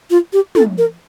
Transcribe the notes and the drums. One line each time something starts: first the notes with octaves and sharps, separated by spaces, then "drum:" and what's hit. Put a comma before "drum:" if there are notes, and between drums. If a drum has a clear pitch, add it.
F4
G4
A4, drum: tom
A#4